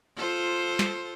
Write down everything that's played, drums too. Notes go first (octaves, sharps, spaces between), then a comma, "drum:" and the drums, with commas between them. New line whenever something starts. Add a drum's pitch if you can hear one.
F4 A4 C5
drum: snare